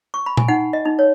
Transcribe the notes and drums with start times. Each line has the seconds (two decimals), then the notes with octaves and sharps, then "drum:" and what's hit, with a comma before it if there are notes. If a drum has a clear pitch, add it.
0.14 C#6
0.26 B5
0.37 G#5, drum: tom A#2
0.48 D#4 F#5
0.73 D#5
0.85 D#4
0.99 C#5